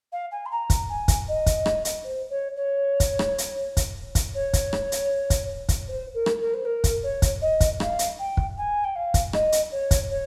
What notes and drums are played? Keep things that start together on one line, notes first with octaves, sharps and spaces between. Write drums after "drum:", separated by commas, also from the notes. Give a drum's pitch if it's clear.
F5
G#5
C6
A#5
drum: kick, hi-hat
G#5
drum: kick, hi-hat
D#5
drum: kick, hi-hat
drum: rim click
drum: hi-hat
C5
C#5
C#5
drum: kick, hi-hat
drum: rim click
drum: hi-hat
drum: kick, hi-hat
drum: kick, hi-hat
C#5
drum: kick, hi-hat
drum: rim click
drum: hi-hat
drum: kick, hi-hat
drum: kick, hi-hat
C5
A#4
drum: rim click
A#4
C5
A#4
drum: kick, hi-hat
C#5
drum: kick, hi-hat
D#5
drum: kick, hi-hat
F5, drum: rim click
drum: hi-hat
G5
drum: kick
G#5
G5
F5
drum: kick, hi-hat
D#5, drum: rim click
drum: hi-hat
C#5
drum: kick, hi-hat
C#5